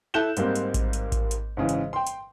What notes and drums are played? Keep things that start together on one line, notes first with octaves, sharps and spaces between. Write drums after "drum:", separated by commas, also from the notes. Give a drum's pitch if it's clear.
E4 A4 F#6 G6 E7 G7
G#2 G3 A#3 C4, drum: hi-hat
drum: hi-hat
drum: kick A1, hi-hat
drum: hi-hat
drum: kick A1, hi-hat
drum: hi-hat
G#2 C#3 E3
drum: hi-hat
G5 C6
drum: hi-hat